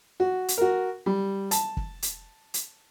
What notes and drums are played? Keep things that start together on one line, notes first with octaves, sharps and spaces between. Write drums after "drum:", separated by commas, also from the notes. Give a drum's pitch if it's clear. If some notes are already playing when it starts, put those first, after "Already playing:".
F#4
drum: hi-hat
F#4 A#4
G3
A5, drum: hi-hat
drum: kick
drum: hi-hat
drum: hi-hat